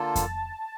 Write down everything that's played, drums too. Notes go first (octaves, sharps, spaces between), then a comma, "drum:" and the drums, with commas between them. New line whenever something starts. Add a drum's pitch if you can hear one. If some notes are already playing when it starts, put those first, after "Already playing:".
Already playing: D3 A#3 F4 A4 A5
drum: kick F2, hi-hat